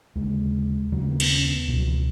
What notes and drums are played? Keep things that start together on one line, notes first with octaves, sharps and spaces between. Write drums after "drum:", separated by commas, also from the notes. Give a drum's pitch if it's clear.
D#2 C#3 G#3
D#2 C#3 F#3
G#3
A#3
B3, drum: cymbal
C#4
B3
C#2 B2 B3
F#3
E3